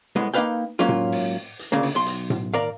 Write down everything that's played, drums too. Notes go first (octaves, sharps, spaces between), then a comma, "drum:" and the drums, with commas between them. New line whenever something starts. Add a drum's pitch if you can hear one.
C2 A2 G#3 B3
A#3 D#4 E4 B4 F5 G5
G#2 F#3 A#3 C#4 F4
drum: tom A2
drum: open hi-hat
drum: hi-hat
D2 A#2 C#3 A#3
drum: open hi-hat
B1 C6
drum: hi-hat
drum: tom A2
D#2 A#4 D5 F5